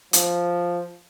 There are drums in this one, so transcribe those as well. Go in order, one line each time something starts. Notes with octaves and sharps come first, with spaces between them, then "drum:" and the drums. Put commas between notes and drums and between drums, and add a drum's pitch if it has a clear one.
F3, drum: hi-hat